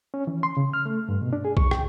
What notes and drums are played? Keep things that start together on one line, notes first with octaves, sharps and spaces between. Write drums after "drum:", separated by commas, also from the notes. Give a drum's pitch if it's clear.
C#4
E3
C6
C#3
F6
A3
G2
B2
D4
G#4
C#6, drum: kick B1
G5, drum: rim click